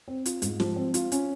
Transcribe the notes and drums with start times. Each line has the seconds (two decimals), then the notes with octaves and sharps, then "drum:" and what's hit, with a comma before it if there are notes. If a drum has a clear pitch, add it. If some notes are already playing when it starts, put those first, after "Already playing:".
0.08 C4
0.26 F4, drum: hi-hat
0.42 G#2, drum: hi-hat
0.60 F3, drum: snare
0.76 C4
0.94 F4, drum: hi-hat
1.12 C#4, drum: hi-hat